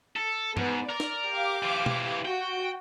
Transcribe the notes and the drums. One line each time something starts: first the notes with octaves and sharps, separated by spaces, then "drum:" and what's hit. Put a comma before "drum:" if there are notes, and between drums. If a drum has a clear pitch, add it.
A4
G#2 B3, drum: tom
A#4 D5
drum: snare
G4 F5 D6
E3 F4
drum: tom B2
F#4 G5